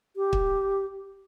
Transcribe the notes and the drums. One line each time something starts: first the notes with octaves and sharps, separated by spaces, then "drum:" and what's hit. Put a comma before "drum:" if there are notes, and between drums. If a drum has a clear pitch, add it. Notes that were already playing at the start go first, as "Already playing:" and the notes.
G4
drum: kick